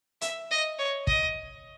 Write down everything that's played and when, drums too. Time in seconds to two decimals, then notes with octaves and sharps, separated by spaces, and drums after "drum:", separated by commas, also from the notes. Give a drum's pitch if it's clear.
0.21 E5, drum: hi-hat
0.51 D#5
0.79 C#5
1.07 D#5, drum: kick